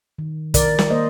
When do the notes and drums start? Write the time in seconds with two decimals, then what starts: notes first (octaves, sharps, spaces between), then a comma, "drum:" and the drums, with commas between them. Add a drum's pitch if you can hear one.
0.18 D#3
0.54 D#3 A#4 D5, drum: kick, hi-hat
0.79 drum: snare
0.90 A#3 C5 D#5